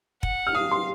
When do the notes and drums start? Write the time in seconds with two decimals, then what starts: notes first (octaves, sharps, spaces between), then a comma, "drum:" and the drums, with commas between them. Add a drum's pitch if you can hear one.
0.23 F#5, drum: kick
0.47 F6
0.55 F5 D#6
0.71 C6